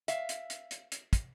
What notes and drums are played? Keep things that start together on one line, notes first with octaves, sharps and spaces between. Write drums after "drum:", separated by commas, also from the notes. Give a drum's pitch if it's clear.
E5 F5, drum: hi-hat
drum: hi-hat
drum: hi-hat
drum: hi-hat
drum: hi-hat
drum: kick, hi-hat